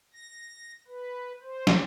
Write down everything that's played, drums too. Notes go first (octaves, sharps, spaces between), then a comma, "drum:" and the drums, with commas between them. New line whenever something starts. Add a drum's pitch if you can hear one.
A#6
B4
C5
drum: snare